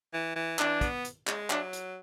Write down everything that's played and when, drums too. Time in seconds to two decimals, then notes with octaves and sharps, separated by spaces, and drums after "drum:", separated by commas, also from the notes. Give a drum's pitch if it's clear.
0.14 E3
0.36 E3
0.59 E3 D4, drum: clap
0.81 B3, drum: kick, hi-hat
1.05 drum: hi-hat
1.27 G#3, drum: clap
1.50 F#3 D4, drum: clap
1.73 drum: hi-hat